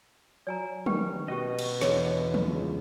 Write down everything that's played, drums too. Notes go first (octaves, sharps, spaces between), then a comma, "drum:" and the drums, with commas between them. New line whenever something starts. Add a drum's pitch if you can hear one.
F#3 D5 G#5 A#5
D#3 G4 B4 G5, drum: tom
B2 C#4 F#4 G4 D#5
drum: cymbal
E2 D3 G#4 C#5, drum: snare
drum: tom
C#2